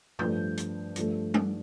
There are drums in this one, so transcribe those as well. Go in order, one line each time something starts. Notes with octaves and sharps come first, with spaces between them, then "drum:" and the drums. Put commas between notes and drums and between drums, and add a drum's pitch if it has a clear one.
G2 F3 A3 G6, drum: tom
drum: hi-hat
G2 F3 A3, drum: hi-hat
drum: tom G3